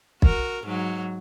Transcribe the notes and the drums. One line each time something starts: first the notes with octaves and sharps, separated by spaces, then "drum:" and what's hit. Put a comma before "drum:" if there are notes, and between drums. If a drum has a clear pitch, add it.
F#4 A#4, drum: kick
G#2 F#3